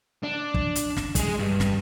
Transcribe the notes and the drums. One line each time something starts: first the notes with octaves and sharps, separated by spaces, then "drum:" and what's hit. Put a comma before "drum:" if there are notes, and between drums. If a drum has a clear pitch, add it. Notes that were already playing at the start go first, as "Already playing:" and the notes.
D4
drum: kick
drum: hi-hat
drum: snare
G#3 G#4, drum: kick, hi-hat
G2
drum: snare